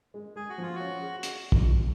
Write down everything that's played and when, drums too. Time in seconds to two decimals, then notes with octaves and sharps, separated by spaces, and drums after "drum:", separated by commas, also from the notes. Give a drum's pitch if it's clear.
0.14 G#3
0.36 G#3 G#4
0.50 F#4
0.58 F3 F4
0.75 C#4 F#4
1.01 G#4
1.23 drum: hi-hat
1.52 drum: kick